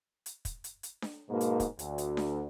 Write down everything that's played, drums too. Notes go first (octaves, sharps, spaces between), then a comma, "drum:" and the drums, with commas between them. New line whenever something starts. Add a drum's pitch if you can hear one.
drum: hi-hat
drum: kick, hi-hat
drum: hi-hat
drum: hi-hat
drum: snare D4
G#2 B2 A#3
drum: hi-hat
drum: kick, hi-hat
D2, drum: hi-hat
drum: hi-hat
drum: snare D4